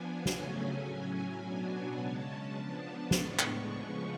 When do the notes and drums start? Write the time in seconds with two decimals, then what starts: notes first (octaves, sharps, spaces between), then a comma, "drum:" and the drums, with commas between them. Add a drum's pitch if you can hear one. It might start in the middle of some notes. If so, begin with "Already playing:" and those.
Already playing: F3 B3 D4 G#5
0.26 C#3 F#3 A3 C#4, drum: snare
0.83 A2 F#3 C#4
1.40 B2 F#3 B3 D4
1.97 C#3 G#3 C#4 A5
2.54 F3 B3 D4
3.11 A2 G#3 B3 D4 C#6, drum: snare
3.39 drum: clap
3.69 C#3 F3 G#3 B3